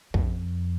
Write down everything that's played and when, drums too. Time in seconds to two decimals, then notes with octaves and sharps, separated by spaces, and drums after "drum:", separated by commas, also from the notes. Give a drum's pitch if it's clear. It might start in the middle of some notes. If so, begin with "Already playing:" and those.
0.14 F2, drum: kick